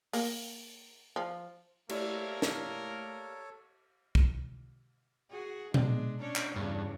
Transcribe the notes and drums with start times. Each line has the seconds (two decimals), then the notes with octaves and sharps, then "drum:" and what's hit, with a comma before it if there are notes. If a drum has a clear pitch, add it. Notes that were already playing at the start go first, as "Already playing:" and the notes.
0.13 A#3, drum: open hi-hat
1.16 F3
1.89 A3 A#3 E4 G4 A4 A#4 C#5 D5, drum: cymbal
2.42 drum: snare
4.15 drum: kick
5.30 F#4 G#4
5.74 G#3 D4, drum: tom A#2
6.20 C#4 D4 C#5
6.36 drum: clap
6.56 E2 G2 C#3